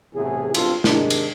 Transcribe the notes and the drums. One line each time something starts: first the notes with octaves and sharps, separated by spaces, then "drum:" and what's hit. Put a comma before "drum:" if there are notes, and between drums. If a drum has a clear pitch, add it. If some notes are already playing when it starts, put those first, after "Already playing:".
B1 E2 A2 C3 G#4
G#1 G2 B2 C4 F4 A4, drum: cymbal
C3 D#3 G#3 D4, drum: snare
drum: cymbal